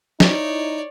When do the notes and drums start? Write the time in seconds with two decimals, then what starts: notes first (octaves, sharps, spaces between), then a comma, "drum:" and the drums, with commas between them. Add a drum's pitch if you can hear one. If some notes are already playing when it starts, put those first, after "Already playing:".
0.20 D#4 E4 C#5 D5, drum: snare